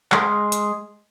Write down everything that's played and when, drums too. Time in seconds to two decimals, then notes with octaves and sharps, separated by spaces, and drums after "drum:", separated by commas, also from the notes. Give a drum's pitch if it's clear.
0.12 G#3 G#4 C6 F6, drum: clap
0.52 drum: hi-hat